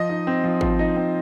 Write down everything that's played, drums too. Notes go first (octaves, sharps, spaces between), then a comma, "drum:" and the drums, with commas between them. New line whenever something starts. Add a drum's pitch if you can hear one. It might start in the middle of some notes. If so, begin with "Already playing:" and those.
Already playing: F3 D#5
D#4
C4
F3
F3, drum: kick G#1
D#4
C4